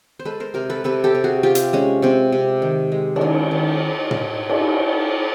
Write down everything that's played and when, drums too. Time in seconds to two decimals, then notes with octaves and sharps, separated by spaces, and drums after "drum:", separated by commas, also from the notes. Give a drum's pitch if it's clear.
0.19 C5
0.25 G#3 A4 B4
0.40 A#4 C5
0.54 C3 A#4 C5
0.70 A4 B4
0.84 C3 A4 B4
1.04 G4 A4
1.15 C3
1.24 F#4 G#4
1.43 C3 F4 G4
1.55 drum: hi-hat
1.73 G#3 C#4
2.02 C3 C4
2.32 C3
2.62 D#3
2.92 G#3
3.16 D4, drum: cymbal
3.21 D#3 C#4
3.51 D#3
4.11 drum: tom
4.49 drum: cymbal